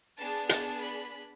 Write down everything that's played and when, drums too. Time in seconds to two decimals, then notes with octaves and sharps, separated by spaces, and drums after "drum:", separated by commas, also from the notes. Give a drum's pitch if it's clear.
0.18 B3 D4 G#4 A5
0.49 A5, drum: hi-hat
0.81 B5